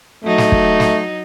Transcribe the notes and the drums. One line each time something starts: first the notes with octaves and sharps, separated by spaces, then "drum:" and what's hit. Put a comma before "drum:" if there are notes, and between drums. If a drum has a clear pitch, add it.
F#3 A3 D#4
drum: snare
drum: kick
drum: snare